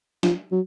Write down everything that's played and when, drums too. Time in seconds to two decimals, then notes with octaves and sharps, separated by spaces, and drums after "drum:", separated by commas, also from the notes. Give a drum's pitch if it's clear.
0.23 F3, drum: snare
0.51 F#3